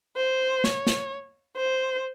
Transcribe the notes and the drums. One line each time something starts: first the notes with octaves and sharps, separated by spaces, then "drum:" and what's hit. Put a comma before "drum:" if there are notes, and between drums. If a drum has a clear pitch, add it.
C5
C#5, drum: snare
drum: snare
C5